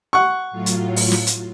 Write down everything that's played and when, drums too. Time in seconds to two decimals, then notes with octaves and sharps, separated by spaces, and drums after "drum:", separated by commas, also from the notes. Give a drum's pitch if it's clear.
0.13 F#5 C#6
0.51 A2 F#3 F4
0.66 drum: hi-hat
0.96 drum: open hi-hat
1.12 drum: snare
1.27 drum: hi-hat